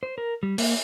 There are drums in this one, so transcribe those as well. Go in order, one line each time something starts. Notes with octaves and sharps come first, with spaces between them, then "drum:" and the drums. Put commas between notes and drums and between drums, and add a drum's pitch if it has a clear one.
C5
A#4
G3
A#3, drum: open hi-hat